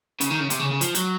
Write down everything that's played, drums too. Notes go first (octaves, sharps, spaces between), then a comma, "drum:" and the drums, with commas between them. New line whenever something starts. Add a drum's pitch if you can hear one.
C#3, drum: hi-hat
D#3
C#3
C3, drum: hi-hat
C#3
C#3
F3, drum: hi-hat
F#3, drum: hi-hat